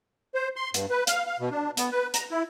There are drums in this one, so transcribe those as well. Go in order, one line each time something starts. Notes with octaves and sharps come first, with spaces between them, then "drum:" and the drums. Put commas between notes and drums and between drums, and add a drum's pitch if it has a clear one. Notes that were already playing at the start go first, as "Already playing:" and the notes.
C5
C6
G2, drum: hi-hat
B4
F5, drum: hi-hat
F5
B2
D4
B3, drum: hi-hat
B4
A#5, drum: hi-hat
E4